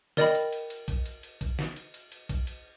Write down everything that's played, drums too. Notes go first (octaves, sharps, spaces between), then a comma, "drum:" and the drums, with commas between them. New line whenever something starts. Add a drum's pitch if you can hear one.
A#4 D5 D#5 G5 B5, drum: snare
drum: cymbal
drum: cymbal
drum: cymbal
drum: kick A#1, cymbal
drum: cymbal
drum: cymbal
drum: kick A#1, cymbal
drum: snare
drum: cymbal
drum: cymbal
drum: cymbal
drum: kick A#1, cymbal
drum: cymbal